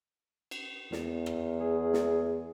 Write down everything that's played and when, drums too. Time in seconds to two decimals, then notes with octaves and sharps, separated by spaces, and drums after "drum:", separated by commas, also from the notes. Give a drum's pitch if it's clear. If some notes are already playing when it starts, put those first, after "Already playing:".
0.51 drum: cymbal
0.92 E2, drum: snare
1.26 drum: rim click
1.60 G#4
1.93 drum: snare